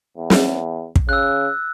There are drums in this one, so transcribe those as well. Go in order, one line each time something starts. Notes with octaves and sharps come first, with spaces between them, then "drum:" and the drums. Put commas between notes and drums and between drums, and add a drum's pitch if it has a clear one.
E2
drum: snare
drum: kick
C#3 E6 F#6